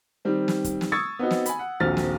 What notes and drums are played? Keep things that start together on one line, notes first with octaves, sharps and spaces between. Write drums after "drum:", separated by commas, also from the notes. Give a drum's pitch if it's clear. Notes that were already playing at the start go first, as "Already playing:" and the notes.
D#3 G3 C4
drum: snare
drum: kick, hi-hat
drum: snare
C#6 D#6 E6 G#6 A6 C#7
B3 C4 D#4 F#4
drum: snare
G#5 B5, drum: hi-hat
F#5
D#1 A#1 C4 F#4 F6 A6
drum: snare